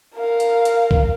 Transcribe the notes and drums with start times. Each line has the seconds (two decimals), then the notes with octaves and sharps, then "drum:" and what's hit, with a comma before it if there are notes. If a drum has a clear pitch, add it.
0.15 A#4 F5
0.40 drum: hi-hat
0.65 drum: hi-hat
0.91 drum: kick C#2